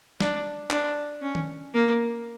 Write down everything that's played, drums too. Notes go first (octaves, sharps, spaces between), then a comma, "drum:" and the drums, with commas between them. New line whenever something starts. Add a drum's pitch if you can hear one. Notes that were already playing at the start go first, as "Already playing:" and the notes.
D4, drum: snare
D4, drum: clap
C#4
drum: tom D#3
A#3